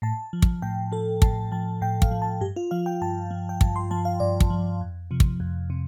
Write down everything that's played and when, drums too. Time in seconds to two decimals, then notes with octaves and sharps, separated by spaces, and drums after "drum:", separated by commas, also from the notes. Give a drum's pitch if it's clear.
0.02 A2 A5
0.33 F3
0.42 drum: kick
0.62 A2 G5
0.92 F3 A4
1.22 A2 A5, drum: kick
1.52 F3 A5
1.81 A2 G5
2.02 F5, drum: kick
2.11 F3
2.22 A5
2.41 G2 G4
2.56 F4
2.71 F3 F5
2.86 G5
3.02 G2 A5
3.31 F3
3.49 G5
3.61 G2 A5, drum: kick
3.76 C6
3.91 F3 A5
4.05 F5
4.20 G2 D5
4.40 drum: kick
4.50 F3
4.81 F2
5.11 C3 F3
5.20 drum: kick
5.40 F2
5.70 C3